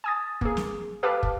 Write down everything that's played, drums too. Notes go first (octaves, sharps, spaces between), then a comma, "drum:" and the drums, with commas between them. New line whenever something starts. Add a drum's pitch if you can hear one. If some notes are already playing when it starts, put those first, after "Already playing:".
G#5 D#6 A6
A#3 G#4, drum: kick
drum: snare
G4 A4 B4 F5 A5 D6
drum: kick